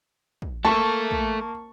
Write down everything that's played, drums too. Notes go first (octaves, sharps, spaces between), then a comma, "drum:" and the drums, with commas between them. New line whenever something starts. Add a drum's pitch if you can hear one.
drum: kick
A3 A#3 A4 A5 C#6
drum: kick